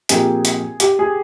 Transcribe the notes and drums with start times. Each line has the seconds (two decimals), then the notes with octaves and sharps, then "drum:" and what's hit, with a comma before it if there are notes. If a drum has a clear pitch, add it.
0.09 A#2 F3 C4 G4 G#4 A#4, drum: hi-hat
0.45 drum: hi-hat
0.80 G4, drum: hi-hat
0.99 G#4